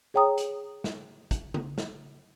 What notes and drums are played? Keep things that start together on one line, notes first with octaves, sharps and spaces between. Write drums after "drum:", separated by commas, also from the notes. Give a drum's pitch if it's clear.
G#4 C#5 G5 A#5 D#6
drum: hi-hat
drum: snare
drum: kick, hi-hat
drum: tom C#3
drum: snare